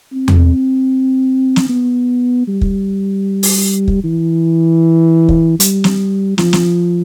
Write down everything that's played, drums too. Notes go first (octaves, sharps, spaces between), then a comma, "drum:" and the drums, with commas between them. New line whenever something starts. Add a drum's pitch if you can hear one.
C4
drum: tom E2
drum: snare
B3
G3
drum: kick
drum: open hi-hat
drum: kick
E3
drum: kick
G3, drum: hi-hat
drum: snare
F3, drum: snare
drum: snare